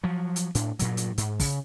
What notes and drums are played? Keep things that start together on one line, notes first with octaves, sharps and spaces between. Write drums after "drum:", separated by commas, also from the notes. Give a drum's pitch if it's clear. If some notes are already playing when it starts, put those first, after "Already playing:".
F3 F#3
drum: hi-hat
A2 D4, drum: hi-hat
G2 A#2 F#3, drum: hi-hat
drum: hi-hat
G#2, drum: hi-hat
C#3, drum: kick, open hi-hat